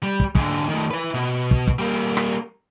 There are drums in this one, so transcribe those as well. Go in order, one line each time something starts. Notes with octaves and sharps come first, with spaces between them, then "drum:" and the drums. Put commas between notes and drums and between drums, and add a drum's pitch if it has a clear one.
G3
drum: kick
G#2 D3, drum: kick
D#3 A3
E4 B4
B2
drum: kick
drum: kick
G3 A#3
drum: rim click